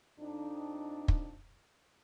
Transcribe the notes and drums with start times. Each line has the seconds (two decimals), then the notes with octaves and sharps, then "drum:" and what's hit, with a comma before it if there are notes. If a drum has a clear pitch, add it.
0.19 F2 D4 D#4
1.08 drum: kick